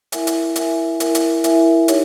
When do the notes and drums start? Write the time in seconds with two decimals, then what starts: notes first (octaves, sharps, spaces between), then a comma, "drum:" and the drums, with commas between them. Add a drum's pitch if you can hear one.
0.12 E4 A#4 E5 G#5, drum: hi-hat
0.27 drum: hi-hat
0.56 E4 A#4 E5 G#5, drum: hi-hat
1.00 E4 A#4 E5 G#5, drum: hi-hat
1.15 drum: hi-hat
1.44 E4 A#4 E5 G#5, drum: hi-hat
1.88 D#4 G4 C#5, drum: hi-hat